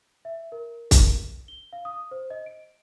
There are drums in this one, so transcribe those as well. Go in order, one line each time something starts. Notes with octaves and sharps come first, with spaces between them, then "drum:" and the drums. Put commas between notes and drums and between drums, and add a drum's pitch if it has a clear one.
E5
A#4
drum: kick, hi-hat
G7
F5
D#6
C5
D#5
D7